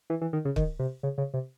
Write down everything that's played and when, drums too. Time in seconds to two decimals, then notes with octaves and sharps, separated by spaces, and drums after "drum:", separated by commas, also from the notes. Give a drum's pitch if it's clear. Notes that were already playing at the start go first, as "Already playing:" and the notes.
0.10 E3
0.21 E3
0.33 D#3
0.45 C#3
0.56 D#3, drum: kick
0.79 C3
1.03 C#3
1.18 C#3
1.34 C3